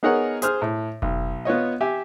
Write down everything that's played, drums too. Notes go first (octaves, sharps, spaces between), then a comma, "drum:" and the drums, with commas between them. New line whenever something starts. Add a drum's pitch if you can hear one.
B3 D#4 G#4 A#4 C#5 F#5
G#4 C5 F6, drum: hi-hat
A2
B1, drum: kick F1
B3 F4 C#5 D#5
G4 E5 G#5